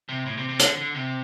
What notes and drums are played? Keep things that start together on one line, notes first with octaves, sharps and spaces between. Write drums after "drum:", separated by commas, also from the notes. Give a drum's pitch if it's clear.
C3
A2
C3
C3
D3, drum: hi-hat
D3
C3